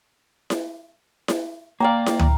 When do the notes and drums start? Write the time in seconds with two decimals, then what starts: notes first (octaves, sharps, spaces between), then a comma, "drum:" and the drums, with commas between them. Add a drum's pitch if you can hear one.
0.50 drum: snare E4
1.28 drum: snare E4
1.80 A#3 D5 F5 G5 A#5
2.06 drum: snare E4
2.19 drum: tom